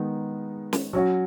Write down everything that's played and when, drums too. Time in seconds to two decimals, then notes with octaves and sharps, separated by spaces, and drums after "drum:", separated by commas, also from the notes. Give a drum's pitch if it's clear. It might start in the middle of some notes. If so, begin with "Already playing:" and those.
Already playing: D#3 G#3 B3 D#4
0.73 drum: snare
0.93 F#3 C#4 F#4